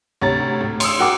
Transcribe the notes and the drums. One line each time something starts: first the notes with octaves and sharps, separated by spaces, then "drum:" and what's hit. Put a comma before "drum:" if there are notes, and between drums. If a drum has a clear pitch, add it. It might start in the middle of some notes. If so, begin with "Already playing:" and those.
D2 C3 C#5 A#5 A6
A2
C6 D#6 E6, drum: cymbal
F#4 A#4 F#5 G5 A#5 D6